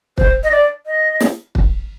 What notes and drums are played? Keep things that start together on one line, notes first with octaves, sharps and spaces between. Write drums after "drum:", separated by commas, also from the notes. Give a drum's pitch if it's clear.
C5, drum: kick
D#5
D5
D#5
drum: snare
drum: kick